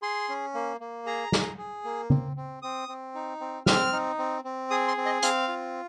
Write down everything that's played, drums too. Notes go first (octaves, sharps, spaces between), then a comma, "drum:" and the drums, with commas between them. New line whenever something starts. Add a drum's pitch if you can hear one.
G#4 C6
C#4
A#3
A#3
G#4 A#5
G#4, drum: snare
G#4
A#3
C4, drum: tom C#3
C4
C4 D#6
C4
D#4
C4
C4 F6, drum: snare
D#4
C4
C4
G#4 D#6
C6
C4
D#5
C4 F5, drum: hi-hat
F4